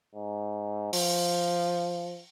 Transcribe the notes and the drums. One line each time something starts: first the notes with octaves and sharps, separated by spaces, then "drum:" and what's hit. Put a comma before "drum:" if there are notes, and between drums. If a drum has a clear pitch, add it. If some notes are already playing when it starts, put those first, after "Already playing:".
G#2
F3, drum: open hi-hat